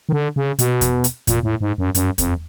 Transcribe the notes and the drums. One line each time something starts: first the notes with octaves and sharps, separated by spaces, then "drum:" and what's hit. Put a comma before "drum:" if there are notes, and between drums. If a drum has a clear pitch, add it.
D#3
D3
C#3
B2, drum: hi-hat
drum: kick E2, hi-hat
drum: hi-hat
A#2, drum: kick E2, hi-hat
A2
G#2
F#2
F#2, drum: hi-hat
F2, drum: kick E2, hi-hat